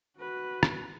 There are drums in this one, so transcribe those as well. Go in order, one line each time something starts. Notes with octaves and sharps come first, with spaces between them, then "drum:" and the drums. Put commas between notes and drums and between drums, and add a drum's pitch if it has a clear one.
F#4 B4
drum: rim click